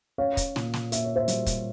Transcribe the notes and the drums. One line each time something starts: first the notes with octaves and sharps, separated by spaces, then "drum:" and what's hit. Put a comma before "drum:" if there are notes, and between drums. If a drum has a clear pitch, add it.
C#4 C#5 F5
drum: kick, hi-hat
A#2, drum: snare
drum: snare
A#3 E5, drum: hi-hat
C#5
C5 E5
G3, drum: hi-hat
drum: kick, hi-hat